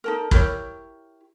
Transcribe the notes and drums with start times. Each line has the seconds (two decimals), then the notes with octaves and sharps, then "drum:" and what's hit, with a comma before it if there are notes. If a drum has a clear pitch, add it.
0.04 D#4 A4 A#4
0.31 E4 G4 A#4 C#5, drum: kick